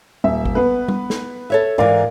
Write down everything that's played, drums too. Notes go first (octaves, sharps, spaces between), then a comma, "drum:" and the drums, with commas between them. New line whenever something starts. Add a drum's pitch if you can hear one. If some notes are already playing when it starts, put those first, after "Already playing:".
D#1 E5
drum: kick G#1
B3 B4
drum: tom G3
drum: snare
A4 C#5 E5
G#2 E3 A#4 D5 F5